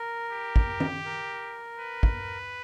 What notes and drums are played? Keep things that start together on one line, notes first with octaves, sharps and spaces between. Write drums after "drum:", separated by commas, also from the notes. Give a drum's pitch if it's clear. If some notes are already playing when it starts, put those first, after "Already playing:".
Already playing: A#4
G4
drum: kick
drum: tom D#3
A#4
B4
drum: kick